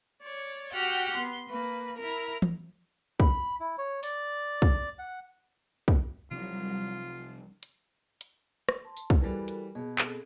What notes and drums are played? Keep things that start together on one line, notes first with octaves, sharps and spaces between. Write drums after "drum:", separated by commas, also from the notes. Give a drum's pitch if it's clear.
C#5 D5
F#4 G4 F#5 G5 F6
B3 C6
A#3 B4
E4 A#4
drum: tom
B5, drum: kick
E4
C#5
D5, drum: open hi-hat
drum: kick
F#5
drum: kick
C2 C3 F3 F#3 C4 F4
drum: hi-hat
drum: hi-hat
drum: rim click
A5 C6
drum: tambourine
drum: kick
E3 G3 F#4 A4 A#4
drum: hi-hat
B2 G#4
C4 G#4 A4, drum: clap